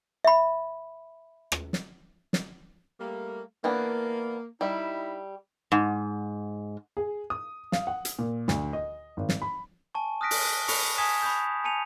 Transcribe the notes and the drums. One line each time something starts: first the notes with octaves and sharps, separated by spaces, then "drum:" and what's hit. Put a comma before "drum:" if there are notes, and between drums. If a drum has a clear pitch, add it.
E5 B5
drum: rim click
drum: snare
drum: snare
G3 A3 A#3
E3 A#3 B3 D4
G3 D#4 E4 E5
G#2
G#4
D#6
F5, drum: snare
F#5
drum: hi-hat
A#2
D2, drum: snare
D#5
G#1
drum: snare
B5
G#5 A5 C#6
D#6 F6 F#6 A#6 B6 D7
drum: open hi-hat
B5 C#6 C#7 F7, drum: open hi-hat
G#5 A5 D#6 G#6 B6 E7
B5 C#6 D#6 G6
G#5 A5 C#7 D#7 F7